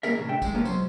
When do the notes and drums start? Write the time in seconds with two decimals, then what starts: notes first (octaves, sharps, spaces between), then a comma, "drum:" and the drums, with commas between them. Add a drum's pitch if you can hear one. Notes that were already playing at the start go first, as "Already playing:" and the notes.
0.03 G3 A#3 C#4 G#4 A#4 E5, drum: tambourine
0.16 E2 A2 C#3
0.28 C2 D3 G3 E5 G5
0.42 F#2 G#3, drum: kick, tambourine
0.54 C#3 F3 A#3 B3 C#4
0.65 B1 G#2 F#3 C5, drum: tambourine